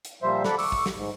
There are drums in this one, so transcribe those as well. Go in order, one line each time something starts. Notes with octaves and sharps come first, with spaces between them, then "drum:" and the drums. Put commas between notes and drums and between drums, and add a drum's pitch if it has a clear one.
drum: hi-hat
A#2 F3 G3 C5 E5
A4 D5 F#5 B5, drum: snare
C#6 D6 E6, drum: open hi-hat
drum: kick
drum: snare
G#2